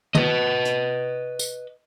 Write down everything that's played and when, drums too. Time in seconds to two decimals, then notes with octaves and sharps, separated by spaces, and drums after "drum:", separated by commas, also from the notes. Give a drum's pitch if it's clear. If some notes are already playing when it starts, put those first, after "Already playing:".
0.15 B4 D#5, drum: tom
0.65 drum: hi-hat
1.39 drum: tambourine